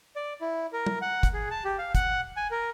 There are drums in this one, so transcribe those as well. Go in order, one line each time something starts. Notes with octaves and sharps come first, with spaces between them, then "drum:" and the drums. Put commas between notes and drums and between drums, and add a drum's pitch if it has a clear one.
D5
E4
A#4
drum: tom
F#5
drum: kick, hi-hat
G#4
A5
G4
F5
F#5, drum: kick, hi-hat
G#5
A#4